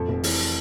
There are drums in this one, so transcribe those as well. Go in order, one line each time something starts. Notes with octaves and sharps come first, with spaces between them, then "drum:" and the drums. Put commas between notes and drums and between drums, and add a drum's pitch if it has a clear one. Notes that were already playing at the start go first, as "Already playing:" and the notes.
Already playing: F2 A4
F1
E3, drum: open hi-hat